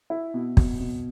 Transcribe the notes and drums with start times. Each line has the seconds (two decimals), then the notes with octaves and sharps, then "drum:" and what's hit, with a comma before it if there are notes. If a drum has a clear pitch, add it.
0.10 E4
0.34 B2
0.57 B2, drum: kick
0.80 B2